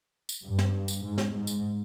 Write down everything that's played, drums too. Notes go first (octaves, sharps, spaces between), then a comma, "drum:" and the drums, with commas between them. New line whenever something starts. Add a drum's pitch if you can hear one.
drum: tambourine
G2
drum: snare
drum: tambourine
G#2
drum: snare
G#2
drum: tambourine